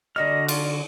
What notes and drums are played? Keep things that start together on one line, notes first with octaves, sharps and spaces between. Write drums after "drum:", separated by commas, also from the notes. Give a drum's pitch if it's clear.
D3 G3 A#3 F#4 D5 D#5 F6
F#3 F4 D5 F5, drum: cymbal